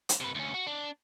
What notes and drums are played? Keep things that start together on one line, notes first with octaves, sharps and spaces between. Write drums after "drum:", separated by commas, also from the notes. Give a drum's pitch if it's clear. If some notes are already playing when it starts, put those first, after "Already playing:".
drum: hi-hat
C3 B4
D2 C#4
F#4
D4